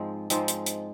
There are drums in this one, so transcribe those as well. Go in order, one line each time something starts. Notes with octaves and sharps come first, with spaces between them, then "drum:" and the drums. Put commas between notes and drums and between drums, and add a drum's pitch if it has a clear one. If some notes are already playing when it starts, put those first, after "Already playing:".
Already playing: G#2 F3 G#3 C4
G#2 F3 G#3 C4, drum: hi-hat
drum: hi-hat
drum: hi-hat